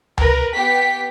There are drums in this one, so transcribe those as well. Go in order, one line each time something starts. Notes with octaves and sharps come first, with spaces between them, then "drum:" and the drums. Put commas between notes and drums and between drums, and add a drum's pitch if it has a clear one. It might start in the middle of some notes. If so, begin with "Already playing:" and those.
A#4 B4, drum: tom C#2
B3 G4 B6